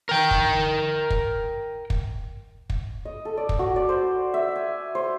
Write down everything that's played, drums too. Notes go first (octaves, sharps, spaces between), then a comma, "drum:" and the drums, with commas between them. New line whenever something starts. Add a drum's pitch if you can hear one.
A#4 G5
drum: kick
drum: kick
drum: kick
drum: kick
D#5
A4
D5
drum: kick
F#4
D5
C5
E5
G#5
C5